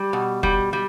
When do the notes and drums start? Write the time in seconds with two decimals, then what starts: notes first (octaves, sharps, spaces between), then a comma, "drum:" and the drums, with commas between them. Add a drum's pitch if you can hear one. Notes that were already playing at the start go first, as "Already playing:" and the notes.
Already playing: G3
0.13 B2
0.43 G3, drum: kick
0.73 G3